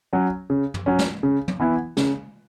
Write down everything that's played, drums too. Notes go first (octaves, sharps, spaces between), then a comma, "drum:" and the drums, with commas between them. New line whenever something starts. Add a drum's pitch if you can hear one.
F#3 C#4
C#3
drum: tom
F#3 C#4
drum: snare
C#3
drum: tom
E3 B3 E4
C#3, drum: snare